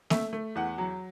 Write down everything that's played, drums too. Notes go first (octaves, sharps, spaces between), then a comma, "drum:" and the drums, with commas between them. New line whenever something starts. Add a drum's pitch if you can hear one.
A3 E5, drum: snare A#3
A3
E2 F#5
F#3